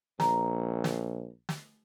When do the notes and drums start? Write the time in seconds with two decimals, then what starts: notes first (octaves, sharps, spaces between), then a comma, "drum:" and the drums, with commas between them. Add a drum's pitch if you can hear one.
0.20 A#1 A#5, drum: snare
0.84 drum: snare
1.49 drum: snare